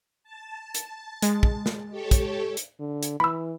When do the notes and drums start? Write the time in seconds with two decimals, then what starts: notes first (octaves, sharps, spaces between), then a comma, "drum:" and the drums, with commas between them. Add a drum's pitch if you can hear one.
0.24 A5
0.75 drum: hi-hat
1.22 G#3, drum: hi-hat
1.43 drum: kick
1.66 drum: snare
1.90 G4 A4 C#5
2.11 drum: kick, hi-hat
2.57 drum: hi-hat
2.80 D3
3.03 drum: hi-hat
3.20 E3 B5 E6